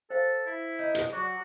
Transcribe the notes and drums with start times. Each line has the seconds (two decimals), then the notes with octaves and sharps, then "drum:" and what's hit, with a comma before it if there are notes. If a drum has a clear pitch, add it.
0.10 A4 C5 F5
0.46 E4
0.79 D#4
0.95 drum: hi-hat
1.13 F#3 F#4 D5